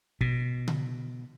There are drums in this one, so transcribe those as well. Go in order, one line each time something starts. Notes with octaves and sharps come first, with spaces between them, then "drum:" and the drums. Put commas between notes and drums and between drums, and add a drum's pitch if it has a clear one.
B2, drum: kick
drum: tom C#3